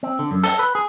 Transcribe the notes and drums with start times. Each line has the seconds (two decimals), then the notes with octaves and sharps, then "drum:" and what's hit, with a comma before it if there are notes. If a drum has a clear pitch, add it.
0.03 C4
0.19 D3
0.31 F#2
0.43 A4, drum: open hi-hat
0.59 B4
0.75 G#4